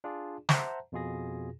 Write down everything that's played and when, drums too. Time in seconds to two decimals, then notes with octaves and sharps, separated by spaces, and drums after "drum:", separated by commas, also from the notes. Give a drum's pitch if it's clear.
0.04 D4 F4 G#4 D5
0.49 C5 E5 F#5 A5 A#5, drum: snare
0.92 F2 B2 F4 G#4 A#6